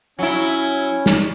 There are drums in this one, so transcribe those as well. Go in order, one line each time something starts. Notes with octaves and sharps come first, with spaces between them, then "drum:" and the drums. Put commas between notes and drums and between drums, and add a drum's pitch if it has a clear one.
F#3 C#4 E4 G#5
drum: snare